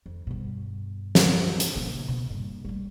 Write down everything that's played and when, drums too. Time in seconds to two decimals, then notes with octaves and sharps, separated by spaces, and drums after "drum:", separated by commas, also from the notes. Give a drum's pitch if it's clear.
0.06 F2
0.27 G2 B2
1.15 drum: snare
1.60 drum: hi-hat
1.75 A#2 C#3
2.08 B2
2.30 G2 A#2
2.65 G3 A3